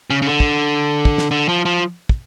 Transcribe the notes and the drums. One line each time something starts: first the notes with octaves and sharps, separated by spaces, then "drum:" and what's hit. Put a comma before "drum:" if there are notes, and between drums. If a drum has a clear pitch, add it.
C#3
C#3
D3
drum: kick
drum: kick
drum: snare
D3
F3
F3
drum: kick